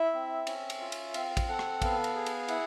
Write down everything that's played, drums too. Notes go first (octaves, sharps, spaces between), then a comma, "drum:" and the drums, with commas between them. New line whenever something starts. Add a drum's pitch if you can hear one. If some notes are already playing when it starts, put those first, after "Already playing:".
Already playing: E4 E5
C4
C#4, drum: cymbal
drum: cymbal
F4
drum: cymbal
C4 F5, drum: cymbal
drum: kick, cymbal
A4 F#5
drum: rim click
B3 F5, drum: kick, cymbal
drum: cymbal
G#4
drum: cymbal
E4 F#5, drum: cymbal